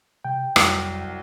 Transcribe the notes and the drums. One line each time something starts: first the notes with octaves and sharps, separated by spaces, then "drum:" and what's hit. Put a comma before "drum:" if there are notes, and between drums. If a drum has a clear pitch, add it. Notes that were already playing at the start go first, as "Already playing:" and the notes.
C3 G5
C2 F2 F#3, drum: rim click